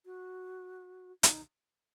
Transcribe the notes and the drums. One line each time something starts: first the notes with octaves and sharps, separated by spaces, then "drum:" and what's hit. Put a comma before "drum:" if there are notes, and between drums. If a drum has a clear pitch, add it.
F#4
D#4, drum: hi-hat